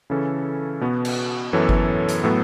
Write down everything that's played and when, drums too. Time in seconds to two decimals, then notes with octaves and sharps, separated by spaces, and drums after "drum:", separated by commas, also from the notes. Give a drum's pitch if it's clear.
0.10 C#3 E3 C#4 A4
0.81 B2 B3 F#4
1.05 drum: cymbal
1.53 F#2 E3 B3 A4 C#5
1.69 drum: kick G1
2.09 drum: hi-hat
2.24 A2 F#3 B3 A4